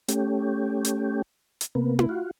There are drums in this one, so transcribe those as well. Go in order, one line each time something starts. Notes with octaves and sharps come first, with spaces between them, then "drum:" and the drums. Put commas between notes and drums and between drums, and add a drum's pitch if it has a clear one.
A3 C#4 G4, drum: hi-hat
drum: hi-hat
drum: hi-hat
C3 A#3 B3
drum: tom E4
F4 F#4